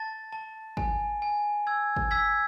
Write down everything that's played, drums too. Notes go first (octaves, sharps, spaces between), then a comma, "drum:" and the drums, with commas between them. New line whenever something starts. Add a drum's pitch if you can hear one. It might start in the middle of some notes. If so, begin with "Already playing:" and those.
Already playing: A5 A6
A5
G#5, drum: kick G#1
G#5
E6 G#6
drum: kick G#1
E6 G#6 B6